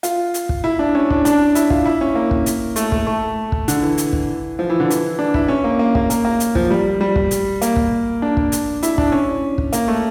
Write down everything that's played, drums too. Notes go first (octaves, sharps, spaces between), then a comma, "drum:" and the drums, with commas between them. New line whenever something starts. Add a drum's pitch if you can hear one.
F4, drum: hi-hat
drum: hi-hat
drum: kick
E4
D4
C#4
D4, drum: kick
D4, drum: hi-hat
E4, drum: hi-hat
F4, drum: kick
E4
C#4
A#3
drum: kick
drum: hi-hat
A3, drum: hi-hat
A3, drum: kick
A3
drum: kick
D3, drum: hi-hat
E3
drum: hi-hat
drum: kick
F3
E3
D3
E3, drum: hi-hat
D4
E4, drum: kick
C#4
A#3
A#3
A#3, drum: kick
A#3, drum: hi-hat
A#3
drum: hi-hat
F3, drum: kick
G3
G3
drum: kick
drum: hi-hat
A#3, drum: hi-hat
drum: kick
D4
drum: kick
drum: hi-hat
E4, drum: hi-hat
D4, drum: kick
C#4
drum: kick
A#3, drum: hi-hat
A3